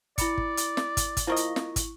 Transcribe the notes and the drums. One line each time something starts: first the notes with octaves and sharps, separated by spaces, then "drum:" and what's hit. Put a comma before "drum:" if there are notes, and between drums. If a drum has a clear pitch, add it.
E4 D5 B5 C#7, drum: kick, hi-hat
drum: kick
drum: hi-hat
drum: snare
drum: kick, hi-hat
drum: kick, hi-hat
F3 A#3 E4 D#5 C#6
drum: hi-hat
drum: snare
drum: kick, hi-hat